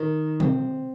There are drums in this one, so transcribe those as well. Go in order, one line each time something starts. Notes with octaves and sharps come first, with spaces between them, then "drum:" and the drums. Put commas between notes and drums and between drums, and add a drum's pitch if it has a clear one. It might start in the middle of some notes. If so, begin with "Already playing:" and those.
Already playing: D#3
C4, drum: tom B2